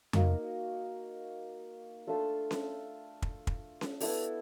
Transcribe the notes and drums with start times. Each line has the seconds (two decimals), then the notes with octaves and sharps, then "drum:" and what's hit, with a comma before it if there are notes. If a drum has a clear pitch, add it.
0.13 A#3 D#4 F#4, drum: tom F2
2.07 A3 D4 F4 A4
2.51 drum: snare C#4
3.22 drum: kick
3.47 drum: kick
3.81 drum: snare C#4
4.00 B3 E4 A4 D5, drum: open hi-hat